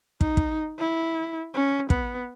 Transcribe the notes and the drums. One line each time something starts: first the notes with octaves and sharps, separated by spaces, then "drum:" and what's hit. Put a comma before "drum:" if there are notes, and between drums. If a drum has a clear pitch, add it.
D#4, drum: kick
drum: kick
E4
C#4
B3, drum: kick